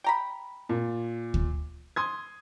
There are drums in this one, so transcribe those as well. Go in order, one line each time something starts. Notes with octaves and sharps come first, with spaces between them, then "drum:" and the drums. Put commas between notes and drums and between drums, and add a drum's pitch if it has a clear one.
G5 A#5 B5
A#2
drum: kick
C6 D#6 G#6